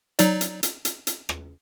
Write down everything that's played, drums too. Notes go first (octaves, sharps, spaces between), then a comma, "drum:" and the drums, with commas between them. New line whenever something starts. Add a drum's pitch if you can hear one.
F#3 D#4 D5, drum: hi-hat
drum: hi-hat
drum: hi-hat
drum: hi-hat
drum: hi-hat
drum: rim click